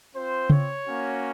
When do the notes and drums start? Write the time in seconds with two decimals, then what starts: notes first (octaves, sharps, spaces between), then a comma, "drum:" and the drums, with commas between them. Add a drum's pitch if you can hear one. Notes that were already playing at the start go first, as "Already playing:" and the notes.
0.14 C4 F4 C5
0.50 C#5, drum: tom C#3
0.86 A#3 C#4 F#4